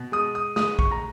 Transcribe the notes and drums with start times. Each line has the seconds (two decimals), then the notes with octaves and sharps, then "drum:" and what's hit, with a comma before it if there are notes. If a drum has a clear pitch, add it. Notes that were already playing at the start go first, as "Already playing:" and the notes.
Already playing: B2
0.12 G#3 D#6
0.35 D#6
0.56 G#3 D#6, drum: snare
0.79 C#6, drum: kick
0.91 A#5